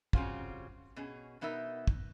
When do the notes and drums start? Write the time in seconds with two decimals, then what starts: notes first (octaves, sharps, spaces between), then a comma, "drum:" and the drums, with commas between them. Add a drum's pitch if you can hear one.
0.13 C#3 G3 C4 C#4 F4 F#4, drum: kick
0.96 B2 C#4 G#4
1.41 B2 B3 D#4 A#4 E5
1.87 drum: kick